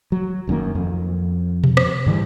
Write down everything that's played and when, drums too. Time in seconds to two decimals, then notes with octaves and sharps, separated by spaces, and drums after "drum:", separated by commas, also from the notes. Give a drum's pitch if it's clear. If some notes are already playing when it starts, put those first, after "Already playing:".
0.12 F#3
0.47 F1 F#2 D#3 A#3
0.75 F2
1.64 drum: tom B2
1.77 drum: rim click
2.06 G#2 D3 E3 G3